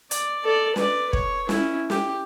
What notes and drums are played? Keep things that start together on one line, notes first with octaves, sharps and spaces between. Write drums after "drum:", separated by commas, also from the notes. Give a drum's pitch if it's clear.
D5, drum: hi-hat
A4 D5
B4 D5, drum: snare
C#5, drum: kick
C#4 E4, drum: snare
G4, drum: snare